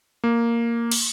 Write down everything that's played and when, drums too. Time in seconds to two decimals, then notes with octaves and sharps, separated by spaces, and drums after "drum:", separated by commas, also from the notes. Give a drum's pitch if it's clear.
0.24 A#3
0.91 drum: cymbal